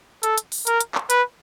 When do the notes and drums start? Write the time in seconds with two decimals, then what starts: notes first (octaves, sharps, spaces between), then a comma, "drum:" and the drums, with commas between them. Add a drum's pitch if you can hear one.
0.23 A4, drum: hi-hat
0.38 drum: hi-hat
0.52 drum: open hi-hat
0.67 A#4, drum: hi-hat
0.81 drum: hi-hat
0.95 drum: clap
1.10 B4, drum: hi-hat